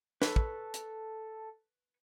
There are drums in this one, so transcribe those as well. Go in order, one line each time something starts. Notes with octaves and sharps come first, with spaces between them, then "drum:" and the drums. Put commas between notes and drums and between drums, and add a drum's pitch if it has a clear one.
A4 B4 C#5, drum: snare
drum: kick
drum: hi-hat